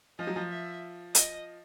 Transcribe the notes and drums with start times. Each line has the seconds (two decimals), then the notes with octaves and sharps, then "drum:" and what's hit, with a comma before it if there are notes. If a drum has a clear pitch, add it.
0.19 F3 D#5
0.27 F#3
0.36 F3
0.50 E5
1.15 D#5, drum: hi-hat